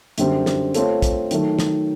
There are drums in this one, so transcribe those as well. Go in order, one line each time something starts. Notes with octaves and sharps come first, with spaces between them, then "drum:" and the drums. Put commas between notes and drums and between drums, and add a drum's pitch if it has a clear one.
F#2 D3 G3 C4, drum: hi-hat
drum: snare
A3 C4 F4 A4 C#5, drum: hi-hat
drum: kick, hi-hat
D#3 F#3 A3, drum: hi-hat
drum: snare